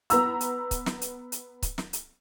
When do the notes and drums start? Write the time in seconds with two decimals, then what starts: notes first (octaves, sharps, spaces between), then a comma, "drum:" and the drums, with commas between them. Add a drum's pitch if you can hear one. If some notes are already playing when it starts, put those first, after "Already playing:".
0.10 B3 A#5 E6, drum: hi-hat
0.40 drum: hi-hat
0.71 drum: kick C#1, hi-hat
0.86 drum: snare
1.02 drum: hi-hat
1.32 drum: hi-hat
1.63 drum: kick C#1, hi-hat
1.78 drum: snare
1.93 drum: hi-hat